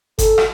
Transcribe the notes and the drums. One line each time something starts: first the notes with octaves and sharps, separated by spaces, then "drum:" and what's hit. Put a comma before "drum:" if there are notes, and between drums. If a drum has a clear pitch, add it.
A4, drum: kick G1, hi-hat
drum: rim click